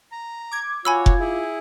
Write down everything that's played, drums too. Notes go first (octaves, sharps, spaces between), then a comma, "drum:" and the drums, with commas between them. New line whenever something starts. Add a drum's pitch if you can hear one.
A#5
D6 G#6
F4 F#4 C#5 G#5 B5 E6
drum: kick F1
E4 G#4